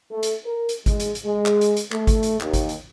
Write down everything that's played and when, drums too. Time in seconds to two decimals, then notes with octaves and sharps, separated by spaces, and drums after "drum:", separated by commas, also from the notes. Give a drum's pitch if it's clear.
0.11 A3
0.23 drum: hi-hat
0.45 A#4
0.69 drum: hi-hat
0.86 G#3, drum: kick G#1, hi-hat
1.00 drum: hi-hat
1.15 drum: hi-hat
1.25 G#3
1.46 drum: clap
1.61 drum: hi-hat
1.77 drum: hi-hat
1.92 A3, drum: clap
2.07 drum: kick G#1, hi-hat
2.23 drum: hi-hat
2.40 D#2, drum: clap
2.53 drum: kick G#1, hi-hat
2.69 drum: hi-hat